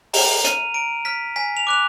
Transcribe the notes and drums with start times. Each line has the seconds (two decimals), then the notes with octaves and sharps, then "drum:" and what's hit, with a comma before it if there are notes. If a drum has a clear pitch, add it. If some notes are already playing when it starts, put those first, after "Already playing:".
0.13 A#5 F7, drum: open hi-hat
0.44 F6 D#7, drum: hi-hat
0.74 A#5 D7
1.05 F6 B6
1.36 G#5 B6
1.57 F7
1.67 D6 F#6 F7